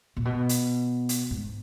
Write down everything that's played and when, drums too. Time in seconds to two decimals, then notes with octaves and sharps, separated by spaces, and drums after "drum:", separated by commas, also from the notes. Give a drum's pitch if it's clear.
0.17 A#2
0.25 B2
0.49 drum: hi-hat
1.09 drum: hi-hat
1.31 G#2